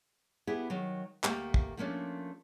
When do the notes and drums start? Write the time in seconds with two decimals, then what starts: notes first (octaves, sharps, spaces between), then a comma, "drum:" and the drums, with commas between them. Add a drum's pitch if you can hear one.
0.47 B3 E4 G4 G#4
0.70 D#3 F#3
1.24 D2 A3 A#3 G4, drum: clap
1.54 drum: kick
1.77 F3 A3 A#3 C#4 D4